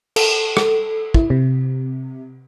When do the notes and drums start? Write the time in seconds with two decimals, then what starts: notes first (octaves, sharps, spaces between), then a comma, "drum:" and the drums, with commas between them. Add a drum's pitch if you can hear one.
0.16 A4, drum: cymbal
0.57 drum: rim click
1.14 E4, drum: kick
1.30 C3